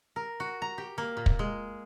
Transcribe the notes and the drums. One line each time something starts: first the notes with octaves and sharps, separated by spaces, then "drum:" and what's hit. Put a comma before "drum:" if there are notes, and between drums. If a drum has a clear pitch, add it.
A#4
F#4
A#5
G4
A#3
A#2
drum: kick
G#3